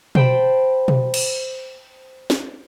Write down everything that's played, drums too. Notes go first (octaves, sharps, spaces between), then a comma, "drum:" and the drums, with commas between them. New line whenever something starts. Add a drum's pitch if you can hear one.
C5 G5 A5 B5, drum: tom B2
drum: tom B2
drum: cymbal
drum: snare